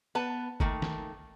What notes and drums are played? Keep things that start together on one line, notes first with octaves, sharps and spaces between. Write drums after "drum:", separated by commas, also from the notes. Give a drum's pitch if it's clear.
B3 B4 A5
D#3 A3 A#3, drum: kick
drum: snare